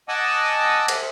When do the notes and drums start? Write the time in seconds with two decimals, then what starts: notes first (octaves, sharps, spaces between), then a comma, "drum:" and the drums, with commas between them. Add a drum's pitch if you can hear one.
0.09 D#5 F#5 G#5 A5 D6 E6
0.88 drum: cymbal